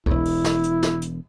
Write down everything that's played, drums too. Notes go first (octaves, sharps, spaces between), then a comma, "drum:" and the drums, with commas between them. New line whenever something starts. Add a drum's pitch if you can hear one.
E1 E2 E4, drum: kick C2
drum: open hi-hat
drum: snare
drum: hi-hat
drum: snare
drum: hi-hat